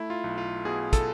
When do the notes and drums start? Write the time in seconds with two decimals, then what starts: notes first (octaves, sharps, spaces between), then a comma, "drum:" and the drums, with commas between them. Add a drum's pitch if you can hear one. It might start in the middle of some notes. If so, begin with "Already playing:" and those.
Already playing: A3 E4
0.10 F4
0.24 B1
0.38 F4
0.65 B2 G#4
0.93 A4, drum: kick, hi-hat